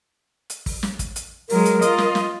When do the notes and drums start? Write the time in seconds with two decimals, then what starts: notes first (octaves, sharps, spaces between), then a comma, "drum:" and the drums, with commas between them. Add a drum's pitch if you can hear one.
0.50 drum: hi-hat
0.66 drum: kick, open hi-hat
0.83 drum: snare
0.99 drum: kick, hi-hat
1.16 drum: hi-hat
1.49 F#3 G#3 A#4, drum: open hi-hat
1.65 drum: hi-hat
1.82 F4 D#5, drum: hi-hat
1.98 drum: snare
2.15 drum: snare